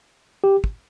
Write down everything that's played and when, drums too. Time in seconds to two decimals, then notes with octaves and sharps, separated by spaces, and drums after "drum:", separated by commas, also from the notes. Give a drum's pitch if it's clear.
0.44 G4
0.64 drum: kick